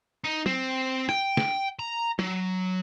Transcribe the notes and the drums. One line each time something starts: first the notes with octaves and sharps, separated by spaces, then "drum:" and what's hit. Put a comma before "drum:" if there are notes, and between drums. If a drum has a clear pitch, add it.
D#4
C4, drum: tom
G5, drum: rim click
drum: snare
A#5
F#3, drum: tom